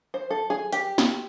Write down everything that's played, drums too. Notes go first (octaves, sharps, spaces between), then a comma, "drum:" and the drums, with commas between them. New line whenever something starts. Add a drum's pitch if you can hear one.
C5
A4
G#4
G4, drum: hi-hat
drum: snare